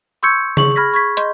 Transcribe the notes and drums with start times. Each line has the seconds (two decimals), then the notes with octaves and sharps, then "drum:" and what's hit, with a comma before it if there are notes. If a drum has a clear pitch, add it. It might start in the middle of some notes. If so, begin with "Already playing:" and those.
0.23 C6 C#6 E6 G6 G#6 C#7
0.57 G#4 C#6 F#7, drum: tom C#3
0.76 B5 F6 G#6 A#6 B6
0.92 B5 C#6 G#6 B6
1.17 D#5 C6 G6, drum: hi-hat